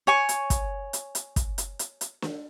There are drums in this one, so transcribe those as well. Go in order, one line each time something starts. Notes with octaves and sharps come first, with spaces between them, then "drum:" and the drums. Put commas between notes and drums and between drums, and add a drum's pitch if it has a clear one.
C#5 G#5 C#6
drum: hi-hat
drum: kick, hi-hat
drum: hi-hat
drum: hi-hat
drum: kick, hi-hat
drum: hi-hat
drum: hi-hat
drum: hi-hat
drum: snare